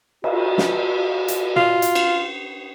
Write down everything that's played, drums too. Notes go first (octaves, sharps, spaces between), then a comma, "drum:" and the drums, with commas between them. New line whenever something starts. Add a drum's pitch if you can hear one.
F#4, drum: cymbal
drum: snare
drum: hi-hat
F4, drum: tom
drum: hi-hat
drum: cymbal